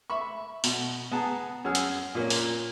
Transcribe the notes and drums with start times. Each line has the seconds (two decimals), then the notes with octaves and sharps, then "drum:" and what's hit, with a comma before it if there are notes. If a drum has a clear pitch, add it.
0.10 E5 B5 C#6
0.64 B2, drum: open hi-hat
1.12 B3 G#4 A5 A#5
1.65 F#2 G#4 E6 F6
1.75 drum: hi-hat
2.15 A#2 A#3 C#4
2.30 drum: open hi-hat